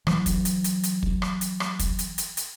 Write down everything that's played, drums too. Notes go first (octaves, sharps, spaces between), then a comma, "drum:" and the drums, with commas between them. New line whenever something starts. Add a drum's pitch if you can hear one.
E3 F#3, drum: rim click
drum: kick, hi-hat
drum: hi-hat
drum: hi-hat
drum: hi-hat
drum: kick
drum: rim click
drum: hi-hat
drum: rim click
drum: kick, hi-hat
drum: hi-hat
drum: hi-hat
drum: hi-hat